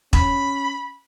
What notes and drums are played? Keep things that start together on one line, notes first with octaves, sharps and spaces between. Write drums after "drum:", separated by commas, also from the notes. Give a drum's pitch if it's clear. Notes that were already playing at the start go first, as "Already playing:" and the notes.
C#4 B5, drum: kick E1